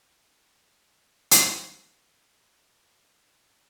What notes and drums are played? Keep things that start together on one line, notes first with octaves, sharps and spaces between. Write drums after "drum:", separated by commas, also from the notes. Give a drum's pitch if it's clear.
B2 D#3 E3 C#4
drum: hi-hat
C#4 G#4
G5